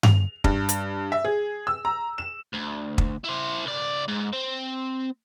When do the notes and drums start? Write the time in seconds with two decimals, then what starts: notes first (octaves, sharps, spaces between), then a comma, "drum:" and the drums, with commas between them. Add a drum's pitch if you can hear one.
0.03 F7, drum: tom G2
0.44 G2, drum: kick
0.69 drum: hi-hat
1.12 E5
1.25 G#4
1.67 E6
1.85 A#5
2.18 E7
2.53 D2
2.98 drum: kick
3.24 E4 C5
3.65 C#2 D5
4.08 G#2
4.33 C4